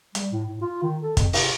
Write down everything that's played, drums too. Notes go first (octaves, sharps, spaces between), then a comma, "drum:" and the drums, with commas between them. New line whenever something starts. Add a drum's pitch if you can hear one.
G3, drum: hi-hat
A2
A2
F4
D#3
A4
F2, drum: kick, hi-hat
C3, drum: open hi-hat